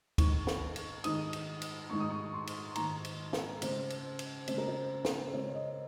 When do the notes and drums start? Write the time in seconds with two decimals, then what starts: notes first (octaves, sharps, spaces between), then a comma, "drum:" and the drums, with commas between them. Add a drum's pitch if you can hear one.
0.18 G#2 D#3 G#3 D#4 C#6, drum: kick, cymbal
0.47 drum: snare
0.76 drum: cymbal
1.04 G#2 D#3 G#3 D#4 D#6, drum: cymbal
1.33 drum: cymbal
1.62 drum: cymbal
1.90 G#2 D#3 G#3 D#4 C#6
2.00 D#6
2.10 C#6
2.33 C6
2.47 drum: cymbal
2.75 G#2 D#3 G#3 D#4 A#5, drum: cymbal
3.05 drum: cymbal
3.33 drum: snare
3.62 C#3 G#3 C#4 C5, drum: cymbal
3.90 drum: cymbal
4.19 drum: cymbal
4.48 C#3 G#3 C#4 C5, drum: cymbal
4.58 A#4
4.68 C5
5.05 drum: snare
5.28 C5
5.33 C#3 G#3 C#4 C#5
5.54 D#5